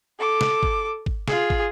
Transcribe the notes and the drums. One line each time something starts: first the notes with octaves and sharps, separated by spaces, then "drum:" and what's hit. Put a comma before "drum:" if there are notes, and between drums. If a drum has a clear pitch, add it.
A4 D6
drum: snare
drum: kick
drum: kick
F4 G#4, drum: snare
drum: kick